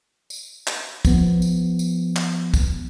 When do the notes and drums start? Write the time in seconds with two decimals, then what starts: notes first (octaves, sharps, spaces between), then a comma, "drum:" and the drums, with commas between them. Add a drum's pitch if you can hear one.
0.30 drum: tambourine
0.67 drum: clap
1.05 F3 B3, drum: kick, tambourine
1.42 drum: tambourine
1.79 drum: tambourine
2.16 drum: clap
2.54 drum: kick, tambourine